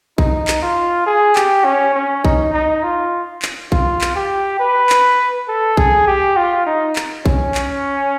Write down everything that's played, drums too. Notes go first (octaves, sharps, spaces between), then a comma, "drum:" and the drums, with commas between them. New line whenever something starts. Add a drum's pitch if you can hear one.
D#4, drum: kick A#1
drum: clap
F4
G#4
G4, drum: clap
C#4
C#4
D#4, drum: kick A#1
D#4
F4
drum: clap
F4, drum: kick A#1
drum: clap
G4
B4
drum: clap
A4
G#4, drum: kick A#1
G4
F4
D#4
drum: clap
C#4, drum: kick A#1
drum: clap